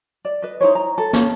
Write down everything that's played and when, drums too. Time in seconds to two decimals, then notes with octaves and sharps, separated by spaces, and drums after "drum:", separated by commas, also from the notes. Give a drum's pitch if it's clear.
0.25 D5
0.42 B4 D#5
0.61 D#4 E4 C5 C#5
0.75 A#5
0.98 A4
1.13 C#4, drum: snare